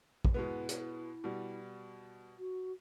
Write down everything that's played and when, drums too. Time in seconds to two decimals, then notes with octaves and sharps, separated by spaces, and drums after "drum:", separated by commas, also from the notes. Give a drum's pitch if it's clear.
0.25 drum: kick
0.34 B2 G#3 B3 E4
0.69 drum: hi-hat
1.24 B2 G3
2.38 F#4